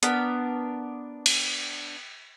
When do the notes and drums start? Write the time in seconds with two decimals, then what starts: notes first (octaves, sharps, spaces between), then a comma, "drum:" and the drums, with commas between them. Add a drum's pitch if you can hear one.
0.03 B3 D4 A#4 B5, drum: hi-hat
1.26 drum: cymbal